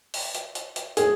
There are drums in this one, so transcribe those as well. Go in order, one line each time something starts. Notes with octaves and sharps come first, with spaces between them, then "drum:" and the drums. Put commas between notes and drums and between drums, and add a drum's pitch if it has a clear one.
drum: open hi-hat
drum: hi-hat
drum: hi-hat
drum: hi-hat
G#4, drum: hi-hat